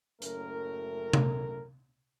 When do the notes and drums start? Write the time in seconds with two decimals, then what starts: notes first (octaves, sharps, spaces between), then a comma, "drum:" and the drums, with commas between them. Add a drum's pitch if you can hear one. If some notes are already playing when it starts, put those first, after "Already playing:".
0.22 F#1 F#2 A2 A3 A#4, drum: hi-hat
1.13 drum: tom C3